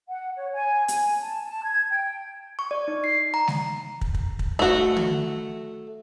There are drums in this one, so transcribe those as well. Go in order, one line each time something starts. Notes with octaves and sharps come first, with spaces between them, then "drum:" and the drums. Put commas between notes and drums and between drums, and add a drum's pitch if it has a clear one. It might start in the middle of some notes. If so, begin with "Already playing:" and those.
F#5
C#5
G#5
G#5, drum: hi-hat
A5
A5
G#6
G5
C#6
D5
D#4
C7
A#5
drum: snare G#3
drum: kick
drum: kick
drum: kick
A3 F#4
drum: tom